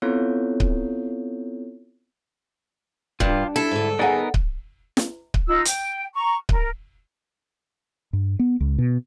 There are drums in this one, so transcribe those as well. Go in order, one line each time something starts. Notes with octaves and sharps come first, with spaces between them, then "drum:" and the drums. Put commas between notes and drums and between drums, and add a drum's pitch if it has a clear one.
B3 C4 E4 F4 A4 C#5
drum: kick C#1
G2 D4 F4, drum: kick C#1
G3 E4 A4
G#2 D3
D#2 B3 D#4 G#4 A#4 D5 F#5
drum: kick C#1
drum: snare
drum: kick C#1
D#4 F4 E6
G5, drum: hi-hat
A#5 C#6
A#4, drum: kick C#1
G2
B3
C#2
B2